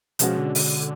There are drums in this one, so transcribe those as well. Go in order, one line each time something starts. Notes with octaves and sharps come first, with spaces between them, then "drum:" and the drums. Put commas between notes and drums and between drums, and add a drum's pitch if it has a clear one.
B2 F3 G#3 C#4 F#4, drum: hi-hat
D3
D3, drum: open hi-hat